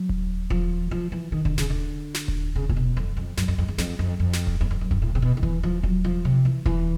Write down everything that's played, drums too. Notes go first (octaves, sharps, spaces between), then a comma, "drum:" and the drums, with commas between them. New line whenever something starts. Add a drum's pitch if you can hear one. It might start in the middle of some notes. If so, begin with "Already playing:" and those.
Already playing: F#3
drum: kick D#1
F3, drum: kick D#1
F3
E3
D#3
D3, drum: kick D#1
C#3, drum: snare
D3
drum: snare
drum: kick D#1
C#3
A#2, drum: kick D#1
B2
F2
F2
F#2, drum: snare
F2
F2
E2
F2, drum: snare
F2
F2
drum: snare
drum: kick D#1
E2
F2
F#2
G2, drum: kick D#1
A2
C3
B2
D#3
E3, drum: kick D#1
F3
F#3, drum: kick D#1
F3
C3
E3
E3, drum: kick D#1